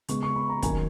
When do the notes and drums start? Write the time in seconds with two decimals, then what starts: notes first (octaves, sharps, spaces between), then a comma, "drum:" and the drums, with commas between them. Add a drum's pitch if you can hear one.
0.08 C#3 G#3 B3 C#6, drum: hi-hat
0.23 C#6
0.36 B5
0.49 A#5
0.62 D#3 F#3 A#3 C#4 G#5, drum: kick, hi-hat